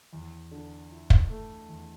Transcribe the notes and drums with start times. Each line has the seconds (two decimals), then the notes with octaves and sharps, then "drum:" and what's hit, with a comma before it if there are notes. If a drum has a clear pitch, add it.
0.13 E2
0.51 D3
0.91 E4
1.10 drum: kick
1.30 A3
1.69 E2